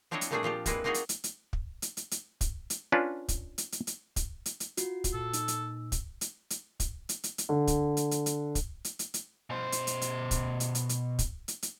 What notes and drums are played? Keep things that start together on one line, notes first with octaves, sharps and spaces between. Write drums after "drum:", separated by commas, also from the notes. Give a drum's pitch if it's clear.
F3 C4 D4 E4 C#5 D#5
drum: hi-hat
A#2 G3 A3 C4 D4 G#4
A#2 F3 F4 G4
G3 G#3 A#3 C4 E4 B4, drum: kick, hi-hat
A#3 C4 D#4 F4 F#4 G#4
drum: hi-hat
drum: hi-hat
drum: hi-hat
drum: kick
drum: hi-hat
drum: hi-hat
drum: hi-hat
drum: kick, hi-hat
drum: hi-hat
C#4 D4 F4 B4
drum: kick, hi-hat
drum: hi-hat
drum: hi-hat
drum: hi-hat
drum: kick, hi-hat
drum: hi-hat
drum: hi-hat
F4 F#4 C7, drum: hi-hat
drum: kick, hi-hat
A#2 A4
D#4 E6, drum: hi-hat
drum: hi-hat
drum: kick, hi-hat
drum: hi-hat
drum: hi-hat
drum: kick, hi-hat
drum: hi-hat
drum: hi-hat
drum: hi-hat
D3
drum: kick, hi-hat
drum: hi-hat
drum: hi-hat
drum: hi-hat
drum: kick, hi-hat
drum: hi-hat
drum: hi-hat
drum: hi-hat
B2 C5
drum: hi-hat
drum: hi-hat
drum: hi-hat
drum: kick, hi-hat
drum: hi-hat
drum: hi-hat
drum: hi-hat
drum: kick, hi-hat
drum: hi-hat
drum: hi-hat